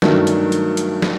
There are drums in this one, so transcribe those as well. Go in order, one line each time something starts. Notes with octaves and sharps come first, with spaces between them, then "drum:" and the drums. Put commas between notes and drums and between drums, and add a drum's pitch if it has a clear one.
G2 D#3 F#3 A3, drum: snare
drum: hi-hat
drum: hi-hat
drum: hi-hat
drum: snare